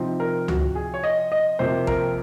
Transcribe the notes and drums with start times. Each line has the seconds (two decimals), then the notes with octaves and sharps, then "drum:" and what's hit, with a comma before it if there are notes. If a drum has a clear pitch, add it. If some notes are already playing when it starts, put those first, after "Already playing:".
Already playing: C3 F3 C4 D#4
0.20 A#4
0.48 F#4, drum: tom C#2
0.75 G#4
0.94 C#5
1.04 D#5
1.32 D#5
1.59 F2 C3 F3 A#3 C5
1.87 A#4, drum: kick